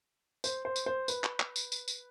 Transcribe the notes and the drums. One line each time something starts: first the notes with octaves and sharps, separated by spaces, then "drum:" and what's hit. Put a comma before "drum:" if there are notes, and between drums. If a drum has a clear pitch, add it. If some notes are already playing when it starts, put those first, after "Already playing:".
C5, drum: tambourine
C5
drum: tambourine
C5
B4, drum: tambourine
drum: clap
drum: clap
drum: tambourine
drum: tambourine
drum: tambourine